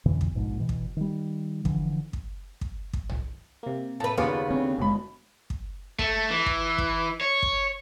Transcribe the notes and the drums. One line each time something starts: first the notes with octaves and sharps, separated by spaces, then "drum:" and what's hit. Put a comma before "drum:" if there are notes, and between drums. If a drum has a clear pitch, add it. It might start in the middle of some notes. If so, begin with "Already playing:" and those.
F2 B2 D3 E3
drum: kick
A#1 G#2 B2
B2 E3
drum: kick
D#3 G3
D3 E3 F3, drum: kick
drum: kick
drum: kick
drum: kick
drum: tom
C3 A#3
A2 B4 A5
D#2 C#3 B3 F4 G#4 D5
D3 C4 C#4
F#1 B2 G#3 B5
drum: kick
A3, drum: kick
E3
drum: kick
drum: kick
C#5
drum: kick